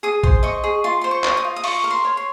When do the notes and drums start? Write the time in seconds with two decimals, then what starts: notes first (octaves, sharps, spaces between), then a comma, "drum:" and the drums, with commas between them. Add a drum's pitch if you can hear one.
0.03 G#4 D#6
0.23 C5, drum: kick A#1
0.43 D#5 C#6
0.64 G#4
0.84 F4 C6
1.01 C5 C6
1.11 C#6
1.24 D#5, drum: clap
1.37 D#6
1.45 F4
1.56 D#6
1.64 F4 C#6, drum: open hi-hat
1.84 A#4
1.91 C6
2.05 C#5
2.17 C6